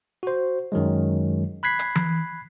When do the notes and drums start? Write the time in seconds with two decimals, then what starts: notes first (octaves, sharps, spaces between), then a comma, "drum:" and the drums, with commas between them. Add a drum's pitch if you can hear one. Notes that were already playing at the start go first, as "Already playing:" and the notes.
0.23 F#4 C5
0.72 F#2 D#3 F#3 G#3
1.63 B5 F#6 G#6 B6 C7
1.79 drum: hi-hat
1.95 drum: tom E3